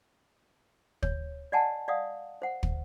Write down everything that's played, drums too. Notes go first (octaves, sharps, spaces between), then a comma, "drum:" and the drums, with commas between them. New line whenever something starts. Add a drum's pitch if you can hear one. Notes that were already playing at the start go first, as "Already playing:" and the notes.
C#5, drum: kick
D5 D#5 F#5 G#5 A5
D5 D#5 F5 F#5 D#6
C5 F#5
drum: kick